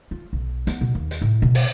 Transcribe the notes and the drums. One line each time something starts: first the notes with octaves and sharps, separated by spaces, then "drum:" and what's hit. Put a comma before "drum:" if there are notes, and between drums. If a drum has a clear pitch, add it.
F4
B1
B3, drum: hi-hat
B2
D#2
drum: hi-hat
A2
B2
drum: open hi-hat